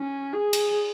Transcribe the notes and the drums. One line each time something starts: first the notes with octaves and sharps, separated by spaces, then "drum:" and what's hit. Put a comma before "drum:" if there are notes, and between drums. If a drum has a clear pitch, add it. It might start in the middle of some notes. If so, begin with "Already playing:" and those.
Already playing: C#4
G#4
drum: cymbal